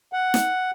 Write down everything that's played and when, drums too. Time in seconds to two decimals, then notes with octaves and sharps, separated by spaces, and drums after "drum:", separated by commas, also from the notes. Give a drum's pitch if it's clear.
0.13 F#5
0.34 drum: snare